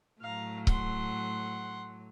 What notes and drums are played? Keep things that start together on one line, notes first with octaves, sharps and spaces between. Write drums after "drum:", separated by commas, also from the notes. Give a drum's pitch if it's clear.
A2 F#3 F5 A#5
F#5 C6, drum: kick C#1